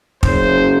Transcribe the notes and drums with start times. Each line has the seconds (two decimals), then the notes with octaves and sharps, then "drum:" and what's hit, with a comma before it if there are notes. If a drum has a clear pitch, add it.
0.23 F#1 F#2 C#3 C5, drum: kick